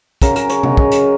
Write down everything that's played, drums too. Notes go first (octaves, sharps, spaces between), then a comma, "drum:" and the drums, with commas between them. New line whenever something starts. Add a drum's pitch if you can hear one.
C#3 F#3 A#4, drum: kick, hi-hat
A#4, drum: hi-hat
C#5, drum: hi-hat
C#3 F#3 D#5, drum: tom C3
drum: kick
drum: hi-hat